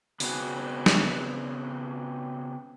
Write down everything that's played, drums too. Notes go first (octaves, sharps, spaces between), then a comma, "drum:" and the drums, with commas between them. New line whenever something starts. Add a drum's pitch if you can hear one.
C#3 B3 C4 D#4 F#4 G#4, drum: open hi-hat
drum: snare